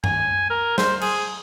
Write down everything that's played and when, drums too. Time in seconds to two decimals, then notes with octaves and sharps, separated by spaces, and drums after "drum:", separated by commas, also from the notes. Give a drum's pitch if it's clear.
0.04 G#5, drum: tom F#2
0.50 A#4
0.78 C5, drum: snare
1.01 G#4, drum: cymbal